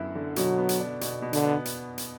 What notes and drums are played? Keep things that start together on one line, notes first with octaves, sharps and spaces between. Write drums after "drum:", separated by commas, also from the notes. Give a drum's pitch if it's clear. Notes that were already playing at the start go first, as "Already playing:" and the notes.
Already playing: F#2 D3 B3 E4
D3
B2 F#3, drum: hi-hat
B3
drum: hi-hat
D4
B2, drum: hi-hat
B2
D3, drum: hi-hat
B3
drum: hi-hat
drum: hi-hat